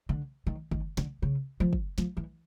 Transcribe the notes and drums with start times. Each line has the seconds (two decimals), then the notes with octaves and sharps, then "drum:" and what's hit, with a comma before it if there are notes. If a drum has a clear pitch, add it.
0.09 D3
0.47 D#3
0.71 D#3, drum: kick
0.97 D3, drum: snare
1.22 C#3
1.60 F3
1.73 drum: kick
1.98 F3, drum: snare
2.17 E3